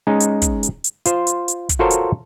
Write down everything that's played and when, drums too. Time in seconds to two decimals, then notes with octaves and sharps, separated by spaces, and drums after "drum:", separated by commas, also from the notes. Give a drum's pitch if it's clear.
0.07 G#3 C#4 D#4
0.21 drum: hi-hat
0.42 drum: kick, hi-hat
0.63 drum: hi-hat
0.84 drum: hi-hat
1.06 F4 C5, drum: hi-hat
1.27 drum: hi-hat
1.48 drum: hi-hat
1.69 drum: kick, hi-hat
1.79 F4 F#4 A4 A#4 C5 C#5
1.91 drum: hi-hat